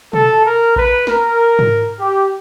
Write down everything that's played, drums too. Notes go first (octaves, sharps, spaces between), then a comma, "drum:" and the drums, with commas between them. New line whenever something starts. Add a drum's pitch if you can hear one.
A4, drum: tom B2
A#4
B4, drum: kick A1
A#4, drum: snare
drum: tom G#2
G4